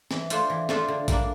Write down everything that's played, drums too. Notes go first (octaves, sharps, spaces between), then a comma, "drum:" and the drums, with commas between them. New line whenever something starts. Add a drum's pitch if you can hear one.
E3, drum: snare
A3 D4 F4 C5, drum: hi-hat
E3
A3 D4 F4 C5, drum: snare
D3
G3 A#3 D4, drum: kick A#1, hi-hat